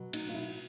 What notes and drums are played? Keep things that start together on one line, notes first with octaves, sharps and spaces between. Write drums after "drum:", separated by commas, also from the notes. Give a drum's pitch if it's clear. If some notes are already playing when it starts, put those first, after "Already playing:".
Already playing: B2 F#3
D#4, drum: cymbal
F4
E4